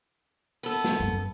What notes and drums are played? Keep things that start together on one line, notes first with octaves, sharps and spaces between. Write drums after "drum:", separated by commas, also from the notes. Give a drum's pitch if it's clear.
B3 A4
drum: snare
F#2